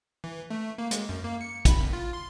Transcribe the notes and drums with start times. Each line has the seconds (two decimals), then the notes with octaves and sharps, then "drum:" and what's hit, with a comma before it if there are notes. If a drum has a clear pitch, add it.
0.24 E3
0.50 A3
0.78 A#3
0.91 G#3, drum: hi-hat
1.09 F#2
1.24 A#3
1.41 C#7
1.65 B5, drum: kick, hi-hat
1.80 G#1
1.93 F4
2.13 C6